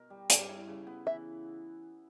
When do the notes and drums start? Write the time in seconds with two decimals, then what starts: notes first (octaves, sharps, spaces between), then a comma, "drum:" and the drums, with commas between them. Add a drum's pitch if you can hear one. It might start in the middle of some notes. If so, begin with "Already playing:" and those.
Already playing: B2 A#4
0.10 G3
0.30 G2, drum: hi-hat
0.48 E4
0.68 C#3
0.87 B3
1.07 E3 E5